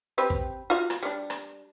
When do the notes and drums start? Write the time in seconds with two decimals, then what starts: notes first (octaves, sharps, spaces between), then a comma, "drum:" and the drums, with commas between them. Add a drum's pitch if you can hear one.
0.18 C4 G4 B4
0.30 drum: kick
0.70 F4 F#4 F5
0.90 drum: rim click
1.03 G3 D4
1.30 drum: rim click